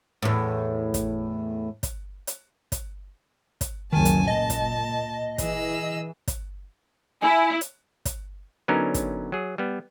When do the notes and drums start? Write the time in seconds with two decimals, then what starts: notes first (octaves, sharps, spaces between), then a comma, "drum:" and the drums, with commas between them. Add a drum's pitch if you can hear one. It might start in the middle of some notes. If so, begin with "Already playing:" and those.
0.23 E2 A2
0.94 drum: kick, hi-hat
1.83 drum: kick, hi-hat
2.27 drum: hi-hat
2.72 drum: kick, hi-hat
3.61 drum: kick, hi-hat
3.92 F#1 C#2 F#2 D#3 G#5 A5
4.05 drum: hi-hat
4.27 A#2 D#5 A5
4.50 drum: kick, hi-hat
5.38 E3 G#4 E6, drum: kick, hi-hat
6.28 drum: kick, hi-hat
7.22 E4 G#5
7.61 drum: hi-hat
8.05 drum: kick, hi-hat
8.68 D3 F#3 B3 C#4 D#4 A#4
8.94 drum: kick, hi-hat
9.32 F#3 G#4
9.58 G3 B3